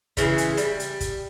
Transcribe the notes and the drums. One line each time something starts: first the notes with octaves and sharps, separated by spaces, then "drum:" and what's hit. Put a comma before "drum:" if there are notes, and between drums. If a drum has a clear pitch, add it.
C#3 E3 G3 G#3, drum: kick, hi-hat
drum: hi-hat
G3, drum: hi-hat
drum: hi-hat
drum: kick, hi-hat